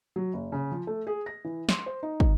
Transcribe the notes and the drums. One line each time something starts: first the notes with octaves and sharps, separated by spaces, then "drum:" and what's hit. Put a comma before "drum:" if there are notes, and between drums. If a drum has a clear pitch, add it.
F#3
F#1
C#3
F3
A3
G#4
A#6
E3
C6, drum: snare
C5
D#4
drum: kick